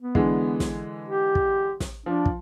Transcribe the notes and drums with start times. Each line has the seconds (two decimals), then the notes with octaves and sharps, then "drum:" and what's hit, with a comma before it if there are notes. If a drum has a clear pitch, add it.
0.01 B3
0.15 D3 E3 G#3, drum: kick
0.60 drum: snare
1.09 G4
1.35 drum: kick
1.80 drum: snare
2.06 F3 D4
2.26 drum: kick